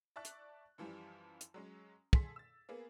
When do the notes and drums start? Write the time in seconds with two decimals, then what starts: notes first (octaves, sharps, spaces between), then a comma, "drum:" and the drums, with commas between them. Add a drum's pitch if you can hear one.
0.16 D5 E5 A5 C#6 F#6 A6
0.25 drum: hi-hat
0.78 F#2 E3 F3 G3
1.41 drum: hi-hat
1.54 F#3 G#3 C#4
2.13 G#4 A4 C6 B6, drum: kick
2.36 E6 A6
2.69 A#3 B3 G#4